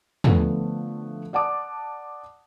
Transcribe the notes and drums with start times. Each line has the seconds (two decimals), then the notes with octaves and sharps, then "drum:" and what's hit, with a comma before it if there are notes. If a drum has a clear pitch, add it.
0.24 D3 F3 A3 B3, drum: tom
1.33 D5 F#5 A5 D6 D#6